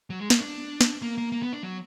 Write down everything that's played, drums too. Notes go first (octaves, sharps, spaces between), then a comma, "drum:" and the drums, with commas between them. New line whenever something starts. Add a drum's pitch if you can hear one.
F#3
G#3
A#3, drum: snare
D4
drum: snare
A#3
A#3
A#3
B3
D4
F#3